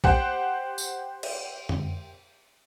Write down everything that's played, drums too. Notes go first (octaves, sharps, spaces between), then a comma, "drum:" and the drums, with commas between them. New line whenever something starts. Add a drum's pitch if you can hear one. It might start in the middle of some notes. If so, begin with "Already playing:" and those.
G4 C5 F#5 G5, drum: kick A#1
drum: tambourine
drum: cymbal
drum: tom F#2